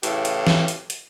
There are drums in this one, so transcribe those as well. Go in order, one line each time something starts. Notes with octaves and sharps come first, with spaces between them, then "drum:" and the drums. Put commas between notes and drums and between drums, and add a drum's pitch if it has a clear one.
A2 C#3 E3 G4, drum: hi-hat
drum: hi-hat
drum: snare
drum: hi-hat
drum: hi-hat